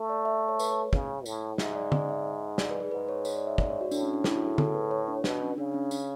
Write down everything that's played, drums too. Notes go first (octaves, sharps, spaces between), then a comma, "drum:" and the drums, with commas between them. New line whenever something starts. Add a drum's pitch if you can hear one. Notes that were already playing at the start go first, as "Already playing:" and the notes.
Already playing: A3
D5
E5
C#5
B4, drum: tambourine
C#5
C#3, drum: kick
A2, drum: tambourine
G#2 E5, drum: snare
D5
D5, drum: tom
E5
D5, drum: snare
B4
G#4
G#2 B4
C#5
C#5, drum: tambourine
D5
E5
D5, drum: kick
C#5
F#4
A2 D4, drum: tambourine
C#4
D4
E4, drum: snare
F#4
G#4
A4, drum: tom
B4
C#5
D4
B2 D4, drum: snare
C#4
C#3 D4
C#4
C#4, drum: tambourine